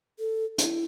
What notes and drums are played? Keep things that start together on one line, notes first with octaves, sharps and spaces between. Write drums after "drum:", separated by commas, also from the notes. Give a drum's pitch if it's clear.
A4
E4, drum: hi-hat